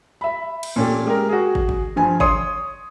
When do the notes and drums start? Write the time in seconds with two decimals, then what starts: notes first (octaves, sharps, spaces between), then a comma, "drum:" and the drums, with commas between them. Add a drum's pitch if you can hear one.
0.21 E5 B5
0.63 drum: cymbal
0.76 A#2 C#4 G4 A4
1.05 G#3 G4 A#4
1.29 F#4 G#4
1.55 drum: kick
1.69 drum: kick
1.96 G2 F3 G#5
2.20 C#5 C6 D#6, drum: kick